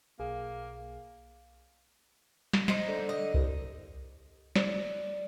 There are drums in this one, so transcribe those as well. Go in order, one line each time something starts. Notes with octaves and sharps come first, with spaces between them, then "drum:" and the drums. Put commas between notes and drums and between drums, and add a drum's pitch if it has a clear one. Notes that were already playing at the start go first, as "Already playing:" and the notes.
B1 A#3 G#4
drum: snare
D#4 C5, drum: snare
D3
D#5
C2, drum: kick C2
D5, drum: snare